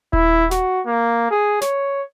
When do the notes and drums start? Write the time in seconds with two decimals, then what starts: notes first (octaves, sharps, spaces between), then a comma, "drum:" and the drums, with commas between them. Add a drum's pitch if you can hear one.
0.13 E4, drum: kick D#1
0.51 F#4, drum: snare
0.86 A#3
1.31 G#4
1.61 C#5, drum: snare